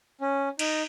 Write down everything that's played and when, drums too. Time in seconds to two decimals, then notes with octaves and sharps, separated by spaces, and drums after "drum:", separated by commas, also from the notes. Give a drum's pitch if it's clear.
0.21 C#4
0.59 D#4, drum: cymbal